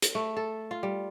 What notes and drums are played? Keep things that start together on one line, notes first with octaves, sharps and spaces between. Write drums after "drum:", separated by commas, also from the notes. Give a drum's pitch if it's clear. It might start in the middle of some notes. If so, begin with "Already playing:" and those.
drum: hi-hat
A3
A4
F4
G3